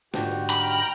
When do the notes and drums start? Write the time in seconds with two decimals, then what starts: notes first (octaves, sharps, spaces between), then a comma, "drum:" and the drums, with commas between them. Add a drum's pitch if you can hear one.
0.14 G#2 D3 F#4 G4, drum: snare
0.50 G5 A#5 B5 F6